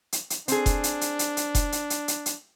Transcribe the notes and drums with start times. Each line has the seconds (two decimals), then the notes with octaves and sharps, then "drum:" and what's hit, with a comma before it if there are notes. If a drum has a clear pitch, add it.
0.12 drum: hi-hat
0.30 drum: hi-hat
0.48 C4 D4 G#4, drum: hi-hat
0.66 drum: kick F1, hi-hat
0.84 drum: hi-hat
1.01 drum: hi-hat
1.19 drum: hi-hat
1.37 drum: hi-hat
1.55 drum: kick F1, hi-hat
1.72 drum: hi-hat
1.90 drum: hi-hat
2.08 drum: hi-hat
2.26 drum: hi-hat